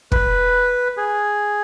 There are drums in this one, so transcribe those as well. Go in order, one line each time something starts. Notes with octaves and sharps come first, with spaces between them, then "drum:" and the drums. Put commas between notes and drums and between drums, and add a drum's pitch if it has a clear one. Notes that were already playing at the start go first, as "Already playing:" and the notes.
B4, drum: kick
G#4